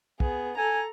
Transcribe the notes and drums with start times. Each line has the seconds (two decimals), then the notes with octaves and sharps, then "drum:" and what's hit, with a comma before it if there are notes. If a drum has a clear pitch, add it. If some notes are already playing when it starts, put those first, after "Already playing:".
0.20 B3 G#4, drum: kick
0.58 A4 G#5 A#5